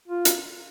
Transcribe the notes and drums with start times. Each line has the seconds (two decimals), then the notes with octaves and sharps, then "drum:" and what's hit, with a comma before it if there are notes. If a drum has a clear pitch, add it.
0.08 F4
0.25 drum: hi-hat